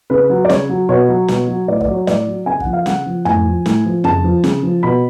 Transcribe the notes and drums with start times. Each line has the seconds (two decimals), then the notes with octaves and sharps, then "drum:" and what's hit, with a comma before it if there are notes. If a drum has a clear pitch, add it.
0.10 C#3 B4
0.30 F#3
0.45 D5
0.49 C#3 C#5, drum: snare
0.69 F#3
0.89 B2 C#5
1.09 F#3
1.28 B2, drum: snare
1.48 F#3
1.68 A2 D5
1.81 D5, drum: kick
1.88 F#3
1.94 C#5
2.07 A2 D5, drum: snare
2.27 F#3
2.46 C#3 G#5
2.60 F#5, drum: kick
2.66 F3
2.73 F5
2.86 C#3 F#5, drum: snare
3.06 F3
3.25 A2 G#5, drum: tom
3.45 F3
3.66 A2, drum: snare
3.85 F3
4.04 C#3 A5, drum: tom
4.24 F3
4.44 C#3, drum: snare
4.63 F3
4.83 B2 B5